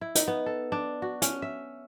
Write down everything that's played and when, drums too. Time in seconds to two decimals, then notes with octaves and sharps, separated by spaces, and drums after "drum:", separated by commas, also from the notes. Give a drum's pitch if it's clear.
0.01 E4
0.15 D#4, drum: hi-hat
0.28 B3
0.46 A4
0.72 D4
1.02 F#4
1.22 C#4, drum: hi-hat
1.42 E5